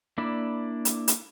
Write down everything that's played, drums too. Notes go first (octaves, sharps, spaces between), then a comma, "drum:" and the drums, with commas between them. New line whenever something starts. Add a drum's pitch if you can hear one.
A#3 D4 E4 D5 B5
drum: hi-hat
drum: hi-hat